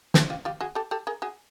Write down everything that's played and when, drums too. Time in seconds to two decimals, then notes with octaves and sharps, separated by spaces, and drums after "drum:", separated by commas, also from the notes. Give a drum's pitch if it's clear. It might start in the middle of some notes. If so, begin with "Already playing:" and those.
0.14 G4 A4, drum: snare
0.30 F4 G4
0.45 F4 G4
0.60 F#4 G#4
0.75 G4 A4
0.91 G4 A4
1.07 G#4 A#4
1.22 F#4 G#4